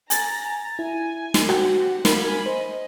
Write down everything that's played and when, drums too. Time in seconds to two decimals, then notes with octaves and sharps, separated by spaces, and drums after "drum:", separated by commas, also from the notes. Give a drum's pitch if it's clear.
0.10 G#5 A#5 A6, drum: hi-hat
0.79 E4 G#5
1.34 drum: snare
1.49 C4 F#4 G4 F#5, drum: rim click
2.05 A#4 F5 G#5 B5, drum: snare
2.46 C5 D#5